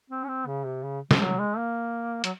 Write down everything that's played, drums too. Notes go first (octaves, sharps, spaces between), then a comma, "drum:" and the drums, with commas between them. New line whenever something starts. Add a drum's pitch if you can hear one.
C4
C#4
C4
C#3
C3
C#3
F3, drum: snare
F#3
G#3
A#3
F#3, drum: hi-hat